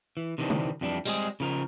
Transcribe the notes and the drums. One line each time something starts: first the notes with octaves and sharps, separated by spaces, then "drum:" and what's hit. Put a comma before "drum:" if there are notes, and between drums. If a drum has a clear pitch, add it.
E3
C3 D#3 E3 B3 C4 D4
drum: tom D3
F2 E3 G3 C4 D4
G3 G#3 C4 G4 G#4, drum: tambourine
C#3 F3 A#4